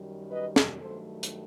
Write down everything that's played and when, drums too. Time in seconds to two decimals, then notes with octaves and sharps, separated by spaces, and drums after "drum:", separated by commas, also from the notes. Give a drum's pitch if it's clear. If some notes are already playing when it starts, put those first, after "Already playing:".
Already playing: F#2 D#3 G3
0.31 B4 D#5
0.56 drum: snare
0.80 G2 D#3 F#3 A3 A4 C5
1.23 drum: hi-hat